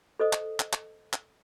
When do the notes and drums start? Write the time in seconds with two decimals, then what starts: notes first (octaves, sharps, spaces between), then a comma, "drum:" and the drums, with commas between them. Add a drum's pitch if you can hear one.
0.20 A4 C5 D#5 D#6
0.33 drum: clap
0.60 drum: clap
0.73 drum: clap
1.13 drum: clap